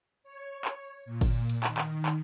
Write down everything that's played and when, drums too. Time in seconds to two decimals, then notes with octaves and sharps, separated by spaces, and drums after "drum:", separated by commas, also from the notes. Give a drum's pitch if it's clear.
0.23 C#5
0.65 drum: clap
1.06 A#2
1.21 drum: kick G1, cymbal
1.49 drum: cymbal
1.64 D#3, drum: clap
1.78 drum: clap
2.06 drum: clap